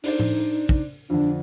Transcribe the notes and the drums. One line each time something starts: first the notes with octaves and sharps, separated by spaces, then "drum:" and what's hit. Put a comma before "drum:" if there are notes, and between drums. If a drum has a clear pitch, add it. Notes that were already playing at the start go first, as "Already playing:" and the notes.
D4 D#4 C5 D5, drum: open hi-hat
drum: tom A2
drum: kick
F2 D3 D4